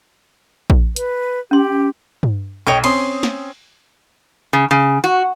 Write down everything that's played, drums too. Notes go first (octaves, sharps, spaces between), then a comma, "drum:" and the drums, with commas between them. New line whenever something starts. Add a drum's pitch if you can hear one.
drum: kick A#1
B4, drum: hi-hat
C#4 G4 C6
drum: tom G2
B1 C#5 D#5 G5
C4 C#4 C6 D#6, drum: cymbal
drum: snare
C#3
C#3
F#4